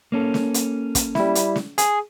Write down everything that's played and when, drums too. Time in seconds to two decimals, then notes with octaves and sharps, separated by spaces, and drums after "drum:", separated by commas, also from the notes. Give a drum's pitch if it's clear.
0.12 A#3 C#4 A4
0.34 drum: snare
0.54 drum: hi-hat
0.95 drum: kick, hi-hat
1.15 G3 E4, drum: snare
1.35 drum: hi-hat
1.56 drum: snare
1.78 G#4, drum: hi-hat